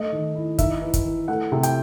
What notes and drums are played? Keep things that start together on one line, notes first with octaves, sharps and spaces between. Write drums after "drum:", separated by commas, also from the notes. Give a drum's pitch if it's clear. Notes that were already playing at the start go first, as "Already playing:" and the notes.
Already playing: A3 D#5
D#3
E4
D#4 E5, drum: kick, hi-hat
E3
drum: kick, hi-hat
E3
A3 F#5
C3
G5, drum: hi-hat